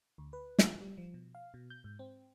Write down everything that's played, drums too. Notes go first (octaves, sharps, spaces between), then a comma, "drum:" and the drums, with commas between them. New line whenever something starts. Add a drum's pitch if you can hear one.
D2
B4
drum: snare
G3
F3
B2
F5
B2
G6
G#2
C4